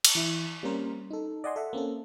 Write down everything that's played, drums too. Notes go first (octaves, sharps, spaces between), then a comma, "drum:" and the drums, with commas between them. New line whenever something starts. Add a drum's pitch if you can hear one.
drum: cymbal
E3 E4
G3 A#3 C4 C#4 A#4 C5
D#4 A4
D5 D#5 F#5 G#5 C6
A4 E5 F#5
A#3 C4 C#4 A4